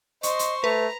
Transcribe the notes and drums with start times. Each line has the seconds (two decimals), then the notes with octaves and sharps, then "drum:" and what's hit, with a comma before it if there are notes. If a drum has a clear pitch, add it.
0.23 C5 D#5 C6 C#6, drum: hi-hat
0.39 drum: hi-hat
0.64 A3 B4 A#5